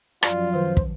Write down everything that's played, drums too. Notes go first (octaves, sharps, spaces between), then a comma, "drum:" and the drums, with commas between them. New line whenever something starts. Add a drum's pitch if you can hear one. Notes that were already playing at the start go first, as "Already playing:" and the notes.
F#2 F3 F#3 F4 D5, drum: rim click
D#3 B4 C5
drum: kick